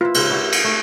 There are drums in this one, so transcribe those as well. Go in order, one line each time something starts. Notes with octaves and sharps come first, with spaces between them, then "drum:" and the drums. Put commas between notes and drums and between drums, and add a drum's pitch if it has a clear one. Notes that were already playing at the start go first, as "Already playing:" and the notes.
E4 F4 B4
G#2 C#3 C4, drum: cymbal
D4 E4 F#4
drum: cymbal
A3